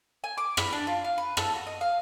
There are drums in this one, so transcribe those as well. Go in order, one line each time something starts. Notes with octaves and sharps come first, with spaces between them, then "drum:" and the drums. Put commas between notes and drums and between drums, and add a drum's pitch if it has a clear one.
G#5
D6
B5, drum: rim click
D4
F4
F5
B4
A4, drum: rim click
F#4
D#5
F5